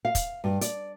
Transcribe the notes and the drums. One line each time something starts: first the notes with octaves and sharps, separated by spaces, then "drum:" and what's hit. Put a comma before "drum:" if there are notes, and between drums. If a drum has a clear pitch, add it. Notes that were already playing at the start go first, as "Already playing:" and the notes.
F5
drum: kick, hi-hat
G2
D5, drum: hi-hat